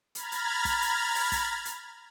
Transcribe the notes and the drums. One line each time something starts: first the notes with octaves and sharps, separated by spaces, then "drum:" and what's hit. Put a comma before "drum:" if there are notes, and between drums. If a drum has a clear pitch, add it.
A#5 B5 F6 G#6 A6, drum: hi-hat
drum: hi-hat
drum: kick, hi-hat
drum: hi-hat
drum: open hi-hat
drum: kick, hi-hat
drum: hi-hat